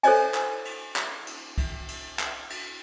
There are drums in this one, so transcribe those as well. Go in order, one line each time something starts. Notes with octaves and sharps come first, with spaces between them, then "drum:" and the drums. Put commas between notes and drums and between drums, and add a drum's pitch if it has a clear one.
A4 C5 C#5 D#5 G#5, drum: cymbal
drum: clap
drum: cymbal
drum: clap
drum: cymbal
drum: kick, cymbal
drum: cymbal
drum: clap
drum: cymbal